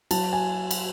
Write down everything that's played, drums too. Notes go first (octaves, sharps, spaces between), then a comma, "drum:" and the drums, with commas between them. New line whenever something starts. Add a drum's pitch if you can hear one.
F#3 A5, drum: cymbal
G#5
drum: cymbal